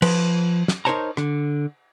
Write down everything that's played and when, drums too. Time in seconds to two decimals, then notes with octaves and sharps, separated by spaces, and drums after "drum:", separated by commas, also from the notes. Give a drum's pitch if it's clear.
0.02 F3 B4, drum: cymbal
0.68 drum: snare
0.85 D#4 A#4 C5 C#5 A5 A#5
1.17 D3, drum: rim click